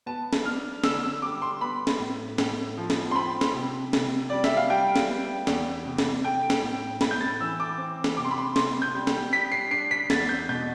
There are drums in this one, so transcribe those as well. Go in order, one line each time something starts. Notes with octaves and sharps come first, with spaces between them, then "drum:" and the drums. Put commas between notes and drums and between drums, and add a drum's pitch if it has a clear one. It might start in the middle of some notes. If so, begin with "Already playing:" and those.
B3 A5
drum: snare
D4 F6
D3 E6, drum: snare
E6
G3 D6
C6
B3 B5
drum: snare
A2
A2, drum: snare
F3
drum: snare
C6
C4 B5
drum: snare
C3
C3, drum: snare
G3 D5
E5, drum: snare
F5
G3 G5
drum: snare
B3
E2, drum: snare
C3
drum: snare
A3 G5
drum: snare
A2
A2 B5, drum: snare
G6
A6
E3 E6
D6
C4
drum: snare
C3 D6
C6
B5
C6
C3 C6, drum: snare
G6
G3
drum: snare
G3 B6
C7
D4 C7
B6
E2 A6, drum: snare
G6
B2 G6